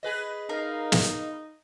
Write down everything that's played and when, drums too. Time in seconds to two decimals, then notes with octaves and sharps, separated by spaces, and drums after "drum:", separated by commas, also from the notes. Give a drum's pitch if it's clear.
0.03 G#4 B4 D#5
0.49 D#4 A#4 F5
0.92 drum: snare